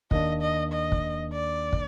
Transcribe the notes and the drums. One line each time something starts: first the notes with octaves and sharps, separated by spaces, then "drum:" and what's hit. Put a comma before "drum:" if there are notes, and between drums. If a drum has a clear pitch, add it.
D#2 D#3 A#3 D4 D#5, drum: kick
D#5
D#5
drum: kick
D5
drum: kick